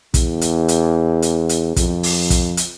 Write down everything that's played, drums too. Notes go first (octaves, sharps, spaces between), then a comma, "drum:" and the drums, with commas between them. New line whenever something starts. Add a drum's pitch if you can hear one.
E2, drum: kick, hi-hat
drum: hi-hat
drum: hi-hat
drum: hi-hat
drum: hi-hat
F2, drum: kick, hi-hat
drum: open hi-hat
drum: kick, hi-hat
drum: hi-hat